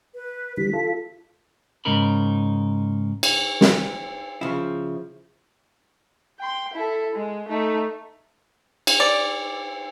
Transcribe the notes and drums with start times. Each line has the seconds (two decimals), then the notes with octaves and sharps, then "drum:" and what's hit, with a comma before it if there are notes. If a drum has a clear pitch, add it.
0.15 B4
0.57 D3 E3 G3 B6
0.73 F4 A4
1.85 G#2 C#3 D#4 A#4 B5
3.23 drum: cymbal
3.61 drum: snare
4.41 C#3 F3 E4
6.39 G5 C6
6.74 E4 A4
7.15 G#3
7.48 A3 D#4
8.87 drum: cymbal
9.00 D5